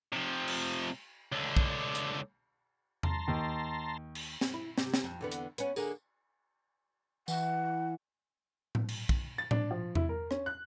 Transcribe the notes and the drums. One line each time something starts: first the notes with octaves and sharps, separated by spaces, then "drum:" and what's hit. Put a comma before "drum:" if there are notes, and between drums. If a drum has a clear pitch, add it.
C3 F3
drum: cymbal
C#2 D3
drum: kick
drum: hi-hat
A5 A#5 C6, drum: tom E2
D#2
drum: cymbal
drum: snare
E4
C3, drum: snare
drum: snare
F2
E2 D3 B3
drum: hi-hat
B3 C#4, drum: hi-hat
D3 A#3 G#4, drum: tambourine
E3 F#5, drum: tambourine
drum: tom A2
drum: cymbal
drum: kick
A6
D4, drum: tom A2
F3
E4, drum: tom E2
A#4
C#4, drum: rim click
F#6